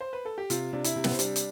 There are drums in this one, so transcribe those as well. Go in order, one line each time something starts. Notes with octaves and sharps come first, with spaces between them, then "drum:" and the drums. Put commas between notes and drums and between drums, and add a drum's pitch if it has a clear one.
C5
B4
A4
G4
C3 F4, drum: hi-hat
C3 D4
E4, drum: hi-hat
C3
B3, drum: snare
C4
G3 D4, drum: hi-hat
drum: hi-hat